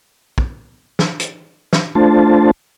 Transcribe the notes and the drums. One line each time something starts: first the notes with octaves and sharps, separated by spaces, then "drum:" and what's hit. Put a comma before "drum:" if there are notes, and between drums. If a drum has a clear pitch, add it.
drum: kick
drum: snare
drum: hi-hat
drum: snare
A3 D4 F4 C5 A5